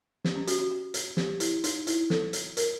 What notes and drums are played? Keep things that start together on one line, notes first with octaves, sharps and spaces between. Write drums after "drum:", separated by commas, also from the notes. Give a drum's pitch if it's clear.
G4, drum: snare
C#4
F#4, drum: hi-hat
F#4
F#4
drum: hi-hat
G4, drum: snare
E4, drum: hi-hat
D#4, drum: hi-hat
E4, drum: hi-hat
A4, drum: snare
drum: hi-hat
A#4, drum: hi-hat